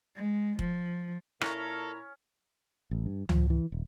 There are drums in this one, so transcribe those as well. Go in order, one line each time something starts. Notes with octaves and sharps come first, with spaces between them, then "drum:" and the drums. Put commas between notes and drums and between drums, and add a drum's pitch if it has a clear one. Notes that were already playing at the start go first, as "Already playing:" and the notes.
G#3
F3, drum: kick
A#2 C#4 E4 A4 A#4 A#5, drum: rim click
A1
G2
F3, drum: tom C#2
E3
D#1